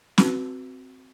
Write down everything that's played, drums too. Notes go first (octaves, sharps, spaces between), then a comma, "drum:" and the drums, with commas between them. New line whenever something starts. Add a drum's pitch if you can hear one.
C4 F#4 B4, drum: snare